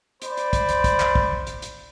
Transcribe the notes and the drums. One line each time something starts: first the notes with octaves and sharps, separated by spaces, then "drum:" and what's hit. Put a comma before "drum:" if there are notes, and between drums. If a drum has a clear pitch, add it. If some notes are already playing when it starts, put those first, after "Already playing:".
C5 D5 B5, drum: hi-hat
drum: hi-hat
drum: kick, hi-hat
drum: hi-hat
drum: kick, hi-hat
drum: clap
drum: kick
drum: hi-hat
drum: hi-hat